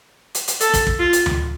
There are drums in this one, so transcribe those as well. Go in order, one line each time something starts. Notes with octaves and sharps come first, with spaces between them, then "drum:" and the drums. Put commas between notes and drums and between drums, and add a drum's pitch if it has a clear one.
drum: hi-hat
drum: hi-hat
A4, drum: hi-hat
drum: kick, hi-hat
drum: kick
F4
drum: hi-hat
drum: tom D2